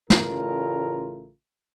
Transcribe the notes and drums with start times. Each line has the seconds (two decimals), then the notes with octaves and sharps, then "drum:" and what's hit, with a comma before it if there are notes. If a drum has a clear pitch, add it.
0.10 A1 C#3 A3 F4 A#4, drum: snare